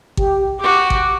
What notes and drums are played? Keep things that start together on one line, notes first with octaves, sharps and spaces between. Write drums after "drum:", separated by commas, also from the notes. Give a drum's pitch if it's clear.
G4, drum: kick G#1
F#4 G4 D6
drum: kick G#1